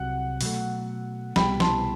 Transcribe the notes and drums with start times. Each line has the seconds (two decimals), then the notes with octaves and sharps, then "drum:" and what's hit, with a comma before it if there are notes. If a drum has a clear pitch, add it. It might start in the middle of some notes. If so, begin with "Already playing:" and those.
Already playing: C2 C3 F#3 F#5
0.41 B2 F#3 A3, drum: open hi-hat
1.36 C2 B2 G3 G5 B5, drum: snare
1.60 A5 C6, drum: snare